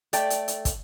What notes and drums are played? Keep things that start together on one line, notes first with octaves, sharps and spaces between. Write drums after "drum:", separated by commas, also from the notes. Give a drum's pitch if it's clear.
A3 D5 G5 A5, drum: hi-hat
drum: hi-hat
drum: hi-hat
drum: kick, hi-hat